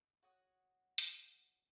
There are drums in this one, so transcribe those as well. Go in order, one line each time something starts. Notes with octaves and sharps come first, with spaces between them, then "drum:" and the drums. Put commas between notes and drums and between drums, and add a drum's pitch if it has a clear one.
F#4 C#5 F#5 D#6
drum: hi-hat